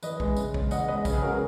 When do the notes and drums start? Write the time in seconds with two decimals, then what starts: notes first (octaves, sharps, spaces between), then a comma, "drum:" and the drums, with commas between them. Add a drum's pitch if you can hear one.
0.03 E3 B4 D#5, drum: tambourine
0.20 G#3, drum: kick B1
0.37 C#3, drum: tambourine
0.54 C#3, drum: kick B1
0.71 E3 D#5 F#5, drum: tambourine
0.88 G#3 B4 D#5
1.05 C#3, drum: kick B1, tambourine
1.13 G#4 B4
1.22 C#3 F#4 A#4
1.30 G#4